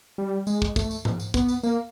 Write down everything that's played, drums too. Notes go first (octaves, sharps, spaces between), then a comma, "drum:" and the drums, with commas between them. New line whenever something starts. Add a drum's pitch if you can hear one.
G3
G#3, drum: tambourine
drum: kick
A3, drum: kick, tambourine
drum: tambourine
drum: tom G#2
drum: tambourine
B3, drum: kick, tambourine
drum: tambourine
A#3, drum: tambourine